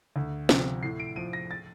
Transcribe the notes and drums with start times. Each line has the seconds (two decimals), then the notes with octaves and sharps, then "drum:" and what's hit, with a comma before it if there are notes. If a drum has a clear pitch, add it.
0.16 D2
0.49 C3 F3, drum: snare
0.83 A2 C7
1.00 D7
1.16 F3 D#7
1.33 A#6
1.51 A6